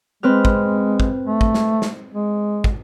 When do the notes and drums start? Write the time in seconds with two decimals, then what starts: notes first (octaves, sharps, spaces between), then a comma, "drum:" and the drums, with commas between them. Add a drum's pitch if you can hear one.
0.23 G#3 C4 B4 F6
0.45 drum: kick
1.00 drum: kick
1.27 A3
1.41 drum: kick
1.55 drum: snare
1.82 drum: snare
2.14 G#3
2.64 drum: kick